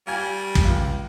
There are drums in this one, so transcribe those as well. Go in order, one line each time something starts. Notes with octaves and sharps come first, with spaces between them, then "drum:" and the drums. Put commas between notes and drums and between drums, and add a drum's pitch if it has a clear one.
G3 F5 G#5
drum: kick
C#2